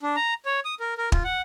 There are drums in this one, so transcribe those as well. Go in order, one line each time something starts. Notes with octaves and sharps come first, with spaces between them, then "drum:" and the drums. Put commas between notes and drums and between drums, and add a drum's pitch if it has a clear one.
D4
A#5
C#5
D#6
A#4
A#4
F4, drum: kick
F#5